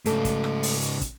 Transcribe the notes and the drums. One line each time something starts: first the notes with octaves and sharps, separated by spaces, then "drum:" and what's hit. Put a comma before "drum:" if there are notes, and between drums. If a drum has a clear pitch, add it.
G#2 C#3 A3 A4, drum: hi-hat
drum: kick, hi-hat
drum: rim click
drum: open hi-hat
drum: hi-hat
drum: kick, hi-hat